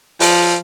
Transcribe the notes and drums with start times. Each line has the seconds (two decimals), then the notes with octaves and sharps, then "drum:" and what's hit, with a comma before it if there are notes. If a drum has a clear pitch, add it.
0.20 F3, drum: open hi-hat